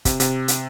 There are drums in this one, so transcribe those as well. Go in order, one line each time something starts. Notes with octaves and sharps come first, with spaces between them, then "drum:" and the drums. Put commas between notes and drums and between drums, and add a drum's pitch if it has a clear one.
C3, drum: kick, hi-hat
C3, drum: hi-hat
drum: hi-hat